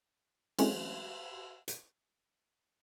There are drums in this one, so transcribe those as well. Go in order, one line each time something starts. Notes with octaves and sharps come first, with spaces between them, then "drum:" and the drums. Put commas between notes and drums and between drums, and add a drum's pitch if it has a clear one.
E3 F#3 G#3 A3 C4 C#4, drum: cymbal
drum: hi-hat